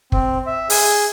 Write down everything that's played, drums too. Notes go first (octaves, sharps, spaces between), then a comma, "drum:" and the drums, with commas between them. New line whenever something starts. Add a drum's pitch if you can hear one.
C4, drum: kick
E5
G#4, drum: open hi-hat